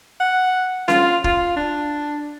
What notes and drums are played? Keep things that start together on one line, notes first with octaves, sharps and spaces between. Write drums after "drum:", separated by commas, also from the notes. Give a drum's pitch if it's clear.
F#5
F4, drum: snare C#4
F4, drum: kick
D4